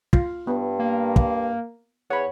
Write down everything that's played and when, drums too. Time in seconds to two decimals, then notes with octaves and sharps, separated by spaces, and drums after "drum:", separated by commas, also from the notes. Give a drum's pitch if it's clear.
0.13 F4, drum: kick
0.47 G2 B3
0.79 A#3
1.16 drum: kick
2.10 E2 C#5 F#5 B5